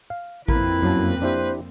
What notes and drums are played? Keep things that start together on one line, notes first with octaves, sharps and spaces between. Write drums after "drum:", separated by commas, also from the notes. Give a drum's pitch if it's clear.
F5
F2 A#3 C4 E4 A#4 B4, drum: kick A1
F#2 F#3 A5
D4 E4 G4 C5